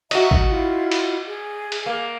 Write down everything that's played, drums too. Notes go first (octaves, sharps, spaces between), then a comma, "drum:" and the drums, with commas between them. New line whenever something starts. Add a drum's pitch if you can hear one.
F#4 D#5 E5 A#5 C#6, drum: cymbal
drum: kick G#1
E4 F4
drum: cymbal
G#4
drum: cymbal
A#3